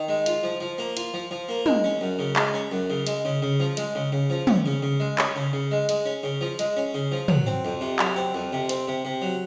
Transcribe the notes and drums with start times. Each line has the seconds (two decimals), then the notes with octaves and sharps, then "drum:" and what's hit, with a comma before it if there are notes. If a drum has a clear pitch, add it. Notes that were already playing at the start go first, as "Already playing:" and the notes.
Already playing: D#3
0.09 G#3
0.26 F4, drum: hi-hat
0.43 F3
0.61 F3
0.78 A#3
0.97 F4, drum: hi-hat
1.14 F3
1.31 F3
1.49 A#3
1.66 G#3, drum: tom
1.84 C#4
2.01 F#2
2.19 C#3
2.36 G#3, drum: clap
2.54 C#4
2.72 F#2
2.90 C#3
3.07 G#3, drum: hi-hat
3.25 C#3
3.42 C#3
3.60 F3
3.77 G#3, drum: hi-hat
3.95 C#3
4.12 C#3
4.30 F3
4.47 C#4, drum: tom
4.66 C#3
4.82 C#3
5.00 G#3
5.19 C#4, drum: clap
5.36 C#3
5.53 C#3
5.71 G#3
5.89 G#3, drum: hi-hat
6.06 C#4
6.23 C#3
6.41 F3
6.59 G#3, drum: hi-hat
6.77 C#4
6.94 C#3
7.12 F3
7.28 F#3, drum: tom
7.46 C4
7.65 F2
7.81 C3
7.99 F#3, drum: clap
8.16 C4
8.35 F2
8.53 C3
8.69 C4, drum: hi-hat
8.88 C3
9.05 C3
9.22 F#3